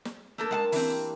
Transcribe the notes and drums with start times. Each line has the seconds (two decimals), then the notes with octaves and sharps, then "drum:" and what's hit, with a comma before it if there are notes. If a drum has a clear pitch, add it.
0.05 drum: snare
0.38 A3 A#3 D4 A4 A#4
0.51 G#3 A#3 F#5 A5
0.72 E3 G3 C4, drum: open hi-hat
0.88 G4